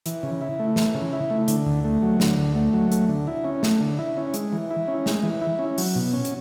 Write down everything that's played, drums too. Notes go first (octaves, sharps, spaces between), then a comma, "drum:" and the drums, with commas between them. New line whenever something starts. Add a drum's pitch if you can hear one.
E3, drum: hi-hat
C#3
E4
A3
E3, drum: snare
C#3
E4
A3
D3, drum: hi-hat
D2
A3
F#3
D3, drum: snare
D2
A3
F#3
A3, drum: hi-hat
D3
E4
C#4
A3, drum: snare
D3
E4
C#4
G#3, drum: hi-hat
E3
E4
C#4
G#3, drum: snare
E3
E4
C#4
F#3, drum: open hi-hat
B2
C#4
drum: hi-hat